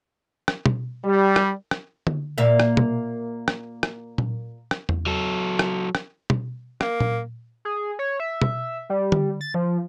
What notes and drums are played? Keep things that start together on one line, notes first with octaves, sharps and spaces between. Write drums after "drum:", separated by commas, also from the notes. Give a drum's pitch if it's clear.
drum: rim click
drum: tom
G3
drum: rim click
drum: rim click
drum: tom D3
A#2 A#3 E5
drum: rim click
drum: tom
drum: rim click
drum: rim click
drum: tom A#2
drum: rim click
drum: tom E2
F#3 A4
drum: rim click
drum: rim click
drum: tom
A#3, drum: rim click
drum: tom A#2
G#4
C#5
E5
drum: tom
G3
drum: tom D3
A6
F3